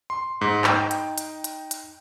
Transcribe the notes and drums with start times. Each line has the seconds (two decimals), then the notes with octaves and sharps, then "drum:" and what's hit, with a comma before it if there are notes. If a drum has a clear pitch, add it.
0.10 C6
0.41 G#2
0.64 D#4 G5, drum: clap
0.91 drum: hi-hat
1.18 drum: hi-hat
1.44 drum: hi-hat
1.71 drum: hi-hat